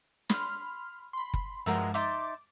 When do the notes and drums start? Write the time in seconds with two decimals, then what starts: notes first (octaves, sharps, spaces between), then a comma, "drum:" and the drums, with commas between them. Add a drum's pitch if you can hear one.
0.30 B5 C6 F6, drum: snare
1.13 B5 C6
1.34 drum: kick
1.66 G2 F3 G#3 F#4 A#4 E5
1.94 D#4 E5 C6 D6 A6